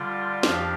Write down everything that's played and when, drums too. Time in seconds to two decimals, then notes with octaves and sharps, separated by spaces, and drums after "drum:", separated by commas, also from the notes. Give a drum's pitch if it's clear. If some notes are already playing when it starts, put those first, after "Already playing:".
Already playing: D3 G3 F4 D5
0.43 F2 F3 D4 G4 F5, drum: snare